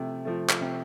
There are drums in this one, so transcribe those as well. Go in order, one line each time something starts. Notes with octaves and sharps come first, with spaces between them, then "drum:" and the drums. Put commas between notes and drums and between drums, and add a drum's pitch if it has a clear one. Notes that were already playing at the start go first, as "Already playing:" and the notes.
Already playing: C3 F3 A3
F3 A3
drum: clap
C3